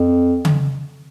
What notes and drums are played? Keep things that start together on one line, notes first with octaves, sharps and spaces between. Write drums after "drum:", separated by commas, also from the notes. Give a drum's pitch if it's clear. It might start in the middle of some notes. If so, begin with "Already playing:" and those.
Already playing: F2
drum: tom C#3